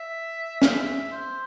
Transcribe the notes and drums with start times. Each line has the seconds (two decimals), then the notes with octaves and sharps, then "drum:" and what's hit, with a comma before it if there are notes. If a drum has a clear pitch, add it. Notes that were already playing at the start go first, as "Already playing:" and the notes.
Already playing: E5
0.62 F5, drum: snare
0.70 E5
1.12 C5